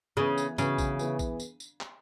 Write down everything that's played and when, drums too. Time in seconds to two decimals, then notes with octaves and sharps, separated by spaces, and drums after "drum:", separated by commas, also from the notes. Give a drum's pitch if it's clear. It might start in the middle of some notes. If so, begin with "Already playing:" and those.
0.17 C#3 E3 B3 G#4 B4
0.38 drum: tambourine
0.58 C#3 E3 B3 F#4 B4, drum: tambourine
0.78 drum: kick A1, tambourine
0.99 E3 B3 E4 G#4 B4, drum: tambourine
1.19 drum: kick A1, tambourine
1.40 drum: tambourine
1.60 drum: tambourine
1.81 drum: clap